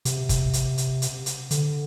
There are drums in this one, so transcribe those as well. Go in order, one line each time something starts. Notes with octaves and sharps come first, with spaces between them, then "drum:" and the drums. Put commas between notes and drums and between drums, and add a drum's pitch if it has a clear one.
C3, drum: hi-hat
drum: kick, hi-hat
drum: hi-hat
drum: hi-hat
drum: hi-hat
drum: hi-hat
D3, drum: hi-hat